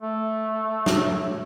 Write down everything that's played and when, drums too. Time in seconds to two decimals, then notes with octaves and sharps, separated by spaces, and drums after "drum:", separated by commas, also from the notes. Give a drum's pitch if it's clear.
0.03 A3
0.86 drum: snare